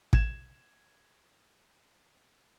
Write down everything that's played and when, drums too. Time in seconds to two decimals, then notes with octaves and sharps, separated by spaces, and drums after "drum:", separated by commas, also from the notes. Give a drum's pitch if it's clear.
0.13 G#6 E7, drum: kick